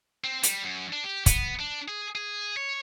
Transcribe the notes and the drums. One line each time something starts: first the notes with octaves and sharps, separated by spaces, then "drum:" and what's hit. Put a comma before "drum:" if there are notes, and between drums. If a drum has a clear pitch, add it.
C4
G3, drum: hi-hat
F#2
D4
G4
B3, drum: kick, hi-hat
D4
G#4
G#4
C#5